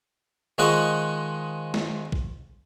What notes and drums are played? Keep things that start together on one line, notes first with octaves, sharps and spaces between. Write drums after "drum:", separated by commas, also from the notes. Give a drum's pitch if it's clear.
D#3 F3 G#3 D#5 F#5 C#6
drum: snare
drum: kick